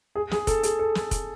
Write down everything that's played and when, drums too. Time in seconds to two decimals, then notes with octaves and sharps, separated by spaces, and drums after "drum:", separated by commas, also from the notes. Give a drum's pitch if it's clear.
0.15 G#4
0.31 G#4, drum: snare
0.47 A4, drum: kick, hi-hat
0.63 G#4, drum: hi-hat
0.79 A4
0.95 A4, drum: snare
1.11 drum: kick, hi-hat